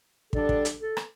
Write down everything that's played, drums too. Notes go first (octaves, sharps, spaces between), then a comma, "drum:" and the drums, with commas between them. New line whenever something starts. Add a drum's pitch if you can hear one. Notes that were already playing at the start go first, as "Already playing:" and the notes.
D3 G3 D4 A4, drum: kick
drum: kick
drum: hi-hat
A4
drum: rim click